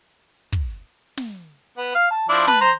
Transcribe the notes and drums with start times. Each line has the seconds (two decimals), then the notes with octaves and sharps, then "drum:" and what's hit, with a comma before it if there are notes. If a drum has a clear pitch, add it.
0.52 drum: kick
1.17 drum: snare
1.78 B3
1.95 F5
2.11 A5
2.29 F3 D4 E4
2.47 B4 A5, drum: snare
2.61 C5 A#5